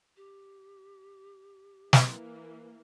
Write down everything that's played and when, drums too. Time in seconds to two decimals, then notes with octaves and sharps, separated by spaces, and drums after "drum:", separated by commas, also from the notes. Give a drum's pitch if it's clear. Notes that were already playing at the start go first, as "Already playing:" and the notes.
0.17 G4
1.93 E3 A#3, drum: snare